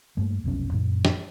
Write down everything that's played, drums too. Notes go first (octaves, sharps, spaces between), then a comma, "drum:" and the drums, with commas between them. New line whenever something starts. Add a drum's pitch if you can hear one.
G2 A3 A#3
F1 B1 F2 C#4
F#2 A#2
drum: snare